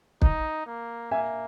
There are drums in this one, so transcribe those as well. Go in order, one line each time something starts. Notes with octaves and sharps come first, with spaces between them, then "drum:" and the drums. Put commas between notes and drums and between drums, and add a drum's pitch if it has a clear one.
D#4, drum: kick
A#3
A#3 E5 G#5